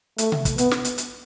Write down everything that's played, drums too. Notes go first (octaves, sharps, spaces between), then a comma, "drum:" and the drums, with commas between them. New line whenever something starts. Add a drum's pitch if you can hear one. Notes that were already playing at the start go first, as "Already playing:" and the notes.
A3, drum: hi-hat
drum: tom C3
drum: kick, hi-hat
B3, drum: hi-hat
drum: snare
drum: hi-hat
drum: hi-hat